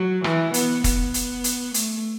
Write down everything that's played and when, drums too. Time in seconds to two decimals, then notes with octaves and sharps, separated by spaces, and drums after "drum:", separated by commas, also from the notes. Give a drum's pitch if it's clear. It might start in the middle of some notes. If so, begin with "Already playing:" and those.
Already playing: F#3
0.24 E3, drum: rim click
0.54 B3, drum: hi-hat
0.84 B3, drum: kick, hi-hat
1.14 drum: hi-hat
1.44 drum: hi-hat
1.74 A3, drum: hi-hat